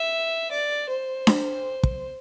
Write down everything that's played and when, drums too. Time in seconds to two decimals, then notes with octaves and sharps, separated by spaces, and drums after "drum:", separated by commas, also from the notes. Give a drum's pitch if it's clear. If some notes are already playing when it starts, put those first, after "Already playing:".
Already playing: E5
0.52 D5
0.89 C5
1.27 drum: snare D4
1.83 drum: kick